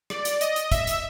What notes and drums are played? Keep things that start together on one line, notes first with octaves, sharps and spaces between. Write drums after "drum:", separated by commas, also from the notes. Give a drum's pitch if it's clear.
D5, drum: rim click
drum: hi-hat
D#5, drum: hi-hat
drum: hi-hat
E5, drum: kick, hi-hat
drum: hi-hat